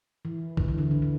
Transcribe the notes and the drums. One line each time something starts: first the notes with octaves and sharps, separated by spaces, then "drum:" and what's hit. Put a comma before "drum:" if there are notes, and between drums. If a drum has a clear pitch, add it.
E3
D3, drum: kick A#1
E3
D3
D3
D3